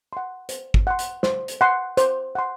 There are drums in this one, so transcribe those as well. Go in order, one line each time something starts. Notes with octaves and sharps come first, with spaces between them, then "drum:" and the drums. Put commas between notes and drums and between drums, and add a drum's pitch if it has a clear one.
F#5 C6
C5, drum: hi-hat
drum: kick G1
F#5 C6
drum: hi-hat
C5, drum: snare
drum: hi-hat
F#5 C6
C5, drum: hi-hat
F#5 C6